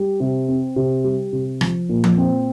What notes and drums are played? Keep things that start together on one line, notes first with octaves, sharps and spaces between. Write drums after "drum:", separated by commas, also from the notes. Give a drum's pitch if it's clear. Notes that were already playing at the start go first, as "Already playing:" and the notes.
Already playing: G3
C3
C4
C3
G3
C3
F3, drum: rim click
A#2
drum: tom F3
C4